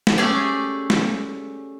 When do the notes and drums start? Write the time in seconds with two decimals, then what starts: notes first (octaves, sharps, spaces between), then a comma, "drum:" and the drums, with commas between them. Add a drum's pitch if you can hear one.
0.07 drum: snare
0.18 A3 C#4 G4 G#4 D5
0.90 drum: snare